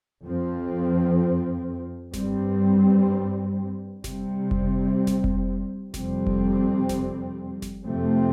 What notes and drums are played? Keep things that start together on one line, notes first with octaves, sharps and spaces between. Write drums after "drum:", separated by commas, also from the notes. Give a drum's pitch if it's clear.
F2 F3 C4
G2 G3 C4, drum: snare F#1
C3 G3 C4, drum: snare F#1
drum: kick F1
drum: snare F#1
drum: kick F1
F2 C3 G3 C4, drum: snare F#1
drum: kick F1
drum: snare F#1
drum: snare F#1
F2 C3 A3 C4